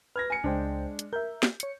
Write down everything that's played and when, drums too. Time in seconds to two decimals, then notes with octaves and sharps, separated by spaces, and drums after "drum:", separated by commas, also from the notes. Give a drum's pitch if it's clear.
0.16 B4 F6 G#6 A#6
0.30 G#5 C#7
0.44 C#2 G#3 D4 C5 G5
0.99 drum: hi-hat
1.13 A#4 E5 G6
1.43 drum: snare
1.60 C#5 C#7, drum: hi-hat